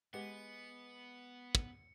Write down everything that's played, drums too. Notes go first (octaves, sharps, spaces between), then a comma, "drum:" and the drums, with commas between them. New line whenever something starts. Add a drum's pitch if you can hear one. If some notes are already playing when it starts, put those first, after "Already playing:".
G#3 B3 G4 B4 F#5 C#7
drum: kick